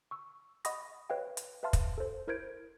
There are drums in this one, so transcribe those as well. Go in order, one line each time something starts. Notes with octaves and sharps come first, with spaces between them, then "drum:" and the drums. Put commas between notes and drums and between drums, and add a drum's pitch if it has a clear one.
C#6 E6
D#5 F#5 B5 C#6 D#6 A#6, drum: hi-hat
B4 C#5 D#5 F5 G5
drum: hi-hat
B4 E5 F5 A5 C6 F6
drum: kick, hi-hat
A4 C5
E4 A#4 C5 G6 G#6 D7